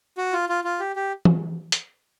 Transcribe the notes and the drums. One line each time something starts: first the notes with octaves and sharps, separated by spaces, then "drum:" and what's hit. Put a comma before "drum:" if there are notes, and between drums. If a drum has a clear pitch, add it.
F#4
F4
F4
F4
G4
G4
drum: tom
drum: hi-hat